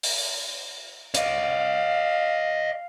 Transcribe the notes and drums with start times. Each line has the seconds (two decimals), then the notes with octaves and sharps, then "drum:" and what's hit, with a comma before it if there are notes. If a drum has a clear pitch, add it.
0.03 drum: open hi-hat
1.14 C#5 D#5 F5, drum: hi-hat